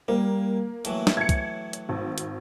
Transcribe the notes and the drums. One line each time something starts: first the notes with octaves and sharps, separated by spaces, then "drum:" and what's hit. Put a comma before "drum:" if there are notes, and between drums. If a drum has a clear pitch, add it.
G3 A#3
A2 E3 F#3, drum: hi-hat
drum: snare
G#6 C#7
drum: kick, hi-hat
drum: hi-hat
G#1
drum: hi-hat